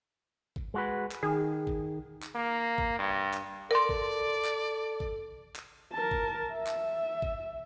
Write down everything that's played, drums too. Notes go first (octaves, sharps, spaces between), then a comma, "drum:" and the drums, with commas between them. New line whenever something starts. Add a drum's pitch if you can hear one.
drum: kick G#1
G#3 F#4 B4
drum: clap
D#3 G#4
drum: kick G#1
drum: clap
A#3
drum: kick G#1
G2
drum: clap
A4 A#4 D5 C6
drum: kick G#1
drum: clap
drum: kick G#1
drum: clap
A#4 A5
drum: kick G#1
E5
drum: clap
drum: kick G#1